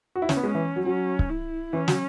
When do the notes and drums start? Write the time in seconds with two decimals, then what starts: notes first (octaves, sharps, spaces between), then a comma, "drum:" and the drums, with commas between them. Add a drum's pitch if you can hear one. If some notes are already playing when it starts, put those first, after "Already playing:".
0.15 F#4
0.22 E4
0.29 C#4, drum: snare
0.36 B3
0.43 G#3 C#4
0.55 E3
0.76 F#3
0.86 F#3 C#4
1.19 drum: kick C#1
1.30 E4
1.73 E3 C#4
1.88 F#3, drum: snare